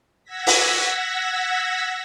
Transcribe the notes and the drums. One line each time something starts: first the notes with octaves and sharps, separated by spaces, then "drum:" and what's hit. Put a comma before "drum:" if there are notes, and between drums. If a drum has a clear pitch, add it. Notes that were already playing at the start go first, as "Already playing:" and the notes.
F#5 E6 G#6 A#6 B6
drum: open hi-hat